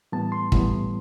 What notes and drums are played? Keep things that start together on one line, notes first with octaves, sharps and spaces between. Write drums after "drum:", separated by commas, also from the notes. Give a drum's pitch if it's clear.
A2 E3 G3 B3 A5
C6
A2 E3 G3 B3, drum: kick